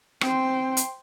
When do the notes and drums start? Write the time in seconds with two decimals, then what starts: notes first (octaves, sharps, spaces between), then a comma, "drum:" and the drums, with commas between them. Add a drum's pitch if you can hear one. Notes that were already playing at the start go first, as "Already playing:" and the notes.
0.21 C4 C5 G5, drum: rim click
0.77 drum: hi-hat